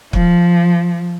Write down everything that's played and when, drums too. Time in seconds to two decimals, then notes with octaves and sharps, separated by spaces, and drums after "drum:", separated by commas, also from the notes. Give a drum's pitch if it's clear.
0.13 F3, drum: kick